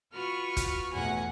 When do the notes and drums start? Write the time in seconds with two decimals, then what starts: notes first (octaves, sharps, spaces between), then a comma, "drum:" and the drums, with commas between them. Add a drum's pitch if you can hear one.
0.14 F4 F#4 B4 C#6 F6
0.57 drum: kick, hi-hat
0.93 B1 E2 A2 F#5 G#5